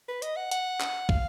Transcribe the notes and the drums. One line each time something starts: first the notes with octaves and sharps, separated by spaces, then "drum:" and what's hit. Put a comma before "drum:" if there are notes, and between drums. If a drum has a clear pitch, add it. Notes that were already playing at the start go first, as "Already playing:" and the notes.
B4
D#5, drum: hi-hat
F#5
F#5, drum: hi-hat
drum: clap
F5, drum: kick